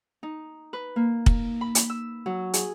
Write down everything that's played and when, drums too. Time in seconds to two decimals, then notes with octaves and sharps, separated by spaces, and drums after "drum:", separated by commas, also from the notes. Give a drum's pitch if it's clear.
0.23 D#4
0.73 B4
0.96 A#3
1.26 drum: kick
1.61 B5
1.75 drum: hi-hat
1.90 E6
2.26 F#3
2.54 G#4, drum: hi-hat